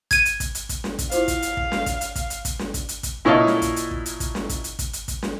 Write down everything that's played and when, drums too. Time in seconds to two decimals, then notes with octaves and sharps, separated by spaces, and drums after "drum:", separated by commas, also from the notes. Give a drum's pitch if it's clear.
0.11 G#6 D#7, drum: kick, hi-hat
0.25 drum: hi-hat
0.40 drum: kick, hi-hat
0.55 drum: hi-hat
0.69 drum: kick, hi-hat
0.84 drum: snare
0.99 drum: kick, hi-hat
1.11 E4 F4 C5 F5, drum: hi-hat
1.28 drum: kick, hi-hat
1.42 drum: hi-hat
1.57 drum: kick
1.72 drum: snare
1.86 drum: kick, hi-hat
2.01 drum: hi-hat
2.15 drum: kick, hi-hat
2.30 drum: hi-hat
2.45 drum: kick, hi-hat
2.59 drum: snare
2.74 drum: kick, hi-hat
2.89 drum: hi-hat
3.03 drum: kick, hi-hat
3.25 A#2 E4 C#5 D#5 F5 A5
3.47 drum: snare
3.62 drum: kick, hi-hat
3.76 drum: hi-hat
3.91 drum: kick
4.06 drum: hi-hat
4.20 drum: kick, hi-hat
4.35 drum: snare
4.49 drum: kick, hi-hat
4.64 drum: hi-hat
4.79 drum: kick, hi-hat
4.93 drum: hi-hat
5.08 drum: kick, hi-hat
5.23 drum: snare